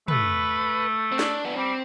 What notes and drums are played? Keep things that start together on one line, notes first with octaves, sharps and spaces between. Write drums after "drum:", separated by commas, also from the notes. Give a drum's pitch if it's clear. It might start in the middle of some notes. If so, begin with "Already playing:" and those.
A3 B4, drum: tom
C4
D4, drum: snare
B3
G3 C4